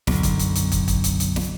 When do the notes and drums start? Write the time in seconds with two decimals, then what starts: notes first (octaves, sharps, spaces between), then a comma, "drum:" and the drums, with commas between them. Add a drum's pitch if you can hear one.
0.07 B1 F#2 D3, drum: snare
0.23 drum: kick, hi-hat
0.39 drum: hi-hat
0.55 drum: hi-hat
0.72 drum: kick, hi-hat
0.88 drum: kick, hi-hat
1.04 drum: hi-hat
1.20 drum: hi-hat
1.36 drum: snare